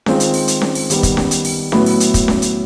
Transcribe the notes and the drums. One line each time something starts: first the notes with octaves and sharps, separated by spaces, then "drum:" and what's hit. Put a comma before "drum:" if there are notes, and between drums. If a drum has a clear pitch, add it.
D#3 G#3 C4 F4, drum: snare C#4
drum: hi-hat
drum: open hi-hat
drum: hi-hat
drum: snare C#4
drum: open hi-hat
D#3 G3 B3, drum: hi-hat
drum: kick, hi-hat
drum: snare C#4
drum: hi-hat
drum: open hi-hat
A2 F#3 B3 E4, drum: snare C#4
drum: open hi-hat
drum: hi-hat
drum: kick, hi-hat
drum: snare C#4
drum: hi-hat